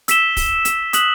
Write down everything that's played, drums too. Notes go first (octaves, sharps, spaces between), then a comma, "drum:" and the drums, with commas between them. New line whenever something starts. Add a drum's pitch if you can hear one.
E6 B6 E7 G7, drum: hi-hat
drum: kick, open hi-hat
drum: hi-hat
D#6 F#6 B6 F#7, drum: hi-hat